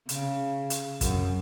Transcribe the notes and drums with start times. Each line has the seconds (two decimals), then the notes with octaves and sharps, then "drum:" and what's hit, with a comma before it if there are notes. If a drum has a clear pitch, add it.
0.09 C#3, drum: hi-hat
0.70 drum: hi-hat
1.01 F#2, drum: kick, hi-hat